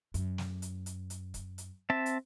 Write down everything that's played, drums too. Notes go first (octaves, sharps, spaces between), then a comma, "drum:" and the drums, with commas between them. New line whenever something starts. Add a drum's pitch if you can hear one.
F#2, drum: hi-hat
drum: snare
drum: hi-hat
drum: hi-hat
drum: hi-hat
drum: kick, hi-hat
drum: hi-hat
C4 E5 A5
drum: hi-hat